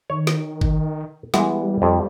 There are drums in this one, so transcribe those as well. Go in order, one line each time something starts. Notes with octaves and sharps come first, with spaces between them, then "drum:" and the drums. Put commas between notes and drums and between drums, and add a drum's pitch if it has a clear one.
D#3 C#5
drum: snare
drum: kick G#1
E3 G3 G#3 B3, drum: snare
F2